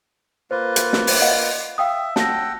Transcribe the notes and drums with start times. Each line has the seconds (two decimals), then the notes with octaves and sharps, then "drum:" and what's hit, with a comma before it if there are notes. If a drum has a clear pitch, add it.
0.51 A#3 F4 B4 C5
0.76 drum: hi-hat
0.93 drum: snare
1.07 drum: open hi-hat
1.21 D#5 F5 F#5
1.78 E5 F5 G5 D#6
2.16 F#5 G5 A5 E6 A#6, drum: snare